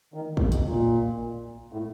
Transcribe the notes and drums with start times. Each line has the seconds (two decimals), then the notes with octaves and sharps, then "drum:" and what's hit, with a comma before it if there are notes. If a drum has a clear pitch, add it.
0.14 D#3
0.37 C#3, drum: kick
0.52 B2, drum: hi-hat
0.67 A#2
1.73 A2